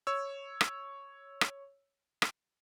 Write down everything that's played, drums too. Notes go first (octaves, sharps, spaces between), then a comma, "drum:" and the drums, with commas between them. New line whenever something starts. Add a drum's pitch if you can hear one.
C#5 E6
drum: rim click
drum: rim click
drum: rim click